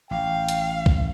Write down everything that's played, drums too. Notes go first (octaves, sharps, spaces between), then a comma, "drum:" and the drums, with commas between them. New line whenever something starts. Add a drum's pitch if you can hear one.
A1 F5 G5
drum: hi-hat
drum: kick